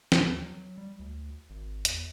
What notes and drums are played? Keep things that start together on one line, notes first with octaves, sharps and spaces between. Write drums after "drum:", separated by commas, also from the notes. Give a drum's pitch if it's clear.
D#2, drum: snare
F#3
G3
D2
G#1
E2, drum: hi-hat